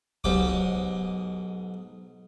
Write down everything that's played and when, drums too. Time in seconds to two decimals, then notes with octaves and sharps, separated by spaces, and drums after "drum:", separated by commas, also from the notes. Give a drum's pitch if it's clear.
0.24 B1 G#2 G4 D6, drum: kick C2